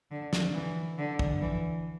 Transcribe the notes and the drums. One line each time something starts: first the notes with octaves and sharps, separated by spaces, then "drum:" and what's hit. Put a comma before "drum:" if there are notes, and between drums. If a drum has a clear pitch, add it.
D3
drum: snare
E3
D3
drum: kick
E3